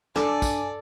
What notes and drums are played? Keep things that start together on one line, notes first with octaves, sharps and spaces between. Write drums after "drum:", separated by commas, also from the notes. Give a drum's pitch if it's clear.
D4 A4 D5 G#5 D6, drum: snare
drum: kick, tambourine